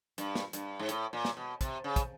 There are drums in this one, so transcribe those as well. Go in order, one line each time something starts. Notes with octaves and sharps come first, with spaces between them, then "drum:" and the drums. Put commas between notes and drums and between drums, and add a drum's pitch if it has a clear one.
G2, drum: hi-hat
drum: snare
G2, drum: hi-hat
G#2
A2, drum: hi-hat
A#2
drum: snare
B2
C3, drum: kick, hi-hat
C#3
drum: kick, hi-hat